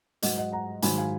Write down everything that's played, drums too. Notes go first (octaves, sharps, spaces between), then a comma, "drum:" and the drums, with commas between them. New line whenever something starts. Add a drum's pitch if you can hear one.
G#2 F#3 D#5 F#5, drum: hi-hat
D#5 F#5
F#5 A#5
G#2 D#3 F#3 G#5 B5, drum: hi-hat
F5 G#5